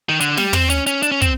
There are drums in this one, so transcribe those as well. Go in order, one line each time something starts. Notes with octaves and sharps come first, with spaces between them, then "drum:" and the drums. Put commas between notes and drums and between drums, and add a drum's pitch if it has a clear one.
D#3
D3, drum: hi-hat
G3, drum: snare
C4, drum: tom
C#4, drum: hi-hat
C#4, drum: hi-hat
D4, drum: hi-hat
C#4
C4, drum: kick, hi-hat